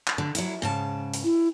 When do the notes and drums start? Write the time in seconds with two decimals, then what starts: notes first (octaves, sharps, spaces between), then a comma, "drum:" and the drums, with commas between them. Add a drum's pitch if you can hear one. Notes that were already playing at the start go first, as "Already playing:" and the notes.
0.07 drum: clap
0.18 D3
0.35 F#3 E4, drum: hi-hat
0.62 G#2 C#3 A5
1.14 drum: hi-hat
1.24 E4